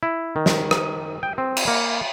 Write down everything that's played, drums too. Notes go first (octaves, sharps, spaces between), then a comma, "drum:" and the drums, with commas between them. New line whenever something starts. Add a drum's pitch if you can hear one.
E4
D#3
drum: snare
drum: rim click
G5
C4
drum: cymbal
A#3